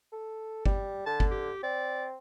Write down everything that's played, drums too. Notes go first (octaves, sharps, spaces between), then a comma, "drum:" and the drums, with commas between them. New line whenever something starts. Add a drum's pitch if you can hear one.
A4
G3, drum: kick G1
D3 A5
drum: kick G1
G4
C4 D5